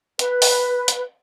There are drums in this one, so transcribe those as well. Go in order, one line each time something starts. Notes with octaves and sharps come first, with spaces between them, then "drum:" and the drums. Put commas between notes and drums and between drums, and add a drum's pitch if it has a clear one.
B4, drum: hi-hat
drum: open hi-hat
drum: hi-hat